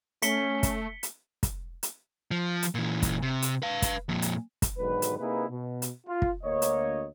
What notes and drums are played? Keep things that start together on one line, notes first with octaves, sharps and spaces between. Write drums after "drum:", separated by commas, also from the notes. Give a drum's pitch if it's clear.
A3 C#4 B6 C#7 G7, drum: hi-hat
drum: kick, hi-hat
drum: hi-hat
drum: kick, hi-hat
drum: hi-hat
F3
drum: hi-hat
A#2 E3
drum: kick, hi-hat
C3
drum: hi-hat
B4 F5
drum: kick, hi-hat
F2 A#2
drum: hi-hat
drum: kick, hi-hat
B1 G#2 D3 D#3 F#3 B4
drum: hi-hat
C3 A#3 D#4 E4 G#4 B4
B2
drum: hi-hat
F4
drum: kick
D2 A#3 C#5 D#5
drum: hi-hat